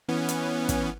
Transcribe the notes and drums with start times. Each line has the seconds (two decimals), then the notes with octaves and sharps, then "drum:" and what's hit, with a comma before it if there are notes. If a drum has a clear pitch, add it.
0.09 E3 B3 C#4
0.29 drum: hi-hat
0.69 drum: kick, hi-hat